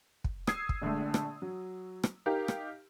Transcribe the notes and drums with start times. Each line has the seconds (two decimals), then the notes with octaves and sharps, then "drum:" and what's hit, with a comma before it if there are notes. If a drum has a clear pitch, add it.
0.24 drum: kick
0.47 D#6 E6 G#6 C7, drum: rim click
0.69 drum: kick
0.82 A#1 D3 G#3 A3
1.14 drum: rim click
1.42 F#3
2.03 drum: rim click
2.26 D#4 G4 A#4 F5
2.48 drum: rim click